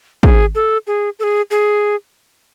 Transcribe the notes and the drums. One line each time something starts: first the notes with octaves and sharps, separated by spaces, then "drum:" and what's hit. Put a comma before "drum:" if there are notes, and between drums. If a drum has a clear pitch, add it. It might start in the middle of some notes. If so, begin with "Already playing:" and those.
G#4, drum: kick
A4
G#4
A4
G#4
G#4